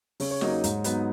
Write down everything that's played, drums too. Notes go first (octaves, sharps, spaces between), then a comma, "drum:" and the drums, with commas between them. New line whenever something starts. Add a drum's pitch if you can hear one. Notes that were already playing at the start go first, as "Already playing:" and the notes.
C#3 C#5, drum: open hi-hat
C#5
F#3 A#3 D#4 D#5, drum: snare
C#5
G#2, drum: hi-hat
F#3 B3 D#4, drum: hi-hat